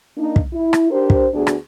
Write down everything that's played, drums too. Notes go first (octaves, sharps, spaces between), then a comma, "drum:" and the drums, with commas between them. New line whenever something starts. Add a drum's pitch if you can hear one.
A#3 D4 D#4
drum: kick
E4
drum: rim click
D4 G4 A#4 C5
drum: kick
D2 B3 D4 F#4 G#4
drum: rim click